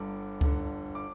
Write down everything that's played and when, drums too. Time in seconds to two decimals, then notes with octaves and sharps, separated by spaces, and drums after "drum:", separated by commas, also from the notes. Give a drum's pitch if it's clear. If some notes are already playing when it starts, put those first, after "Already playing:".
Already playing: G1 G2 D3 D6
0.41 G1 G2 D3, drum: kick C#2
0.95 D6